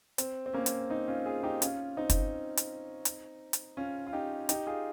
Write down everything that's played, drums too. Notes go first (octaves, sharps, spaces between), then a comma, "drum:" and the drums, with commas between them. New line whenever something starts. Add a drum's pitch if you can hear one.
C4, drum: hi-hat
C4
A#3 C#4
drum: hi-hat
C4 D#4
C#4 F4
F4 G#4
D#4 G4
C#4 F4, drum: hi-hat
C4 D#4
drum: kick, hi-hat
drum: hi-hat
drum: hi-hat
drum: hi-hat
C#4 F4
F4
D#4 G4
D#4 G4, drum: hi-hat
F4 G#4